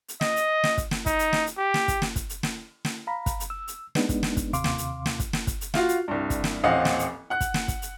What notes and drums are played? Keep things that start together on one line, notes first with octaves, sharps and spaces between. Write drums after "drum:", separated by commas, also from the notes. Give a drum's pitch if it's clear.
drum: hi-hat
D#5, drum: snare
drum: hi-hat
drum: snare
drum: kick, hi-hat
drum: snare
D#4, drum: kick, hi-hat
drum: hi-hat
drum: snare
drum: hi-hat
G4
drum: snare
drum: kick, hi-hat
drum: snare
drum: kick, hi-hat
drum: hi-hat
drum: snare
drum: snare
F5 A#5 B5
drum: kick, hi-hat
drum: hi-hat
E6
drum: hi-hat
G#3 B3 D4 D#4, drum: snare
drum: kick, hi-hat
drum: snare
drum: kick, hi-hat
D#2 C3 F5 C6 D6, drum: hi-hat
drum: snare
drum: hi-hat
drum: snare
drum: kick, hi-hat
drum: snare
drum: kick, hi-hat
drum: hi-hat
F4 F#4 F5, drum: snare
drum: hi-hat
C2 G2
drum: kick, hi-hat
drum: snare
D#1 A1 C4 D#5 F5 F#5
drum: snare
drum: hi-hat
F#5 F#6
drum: kick, hi-hat
drum: snare
drum: kick, hi-hat
drum: hi-hat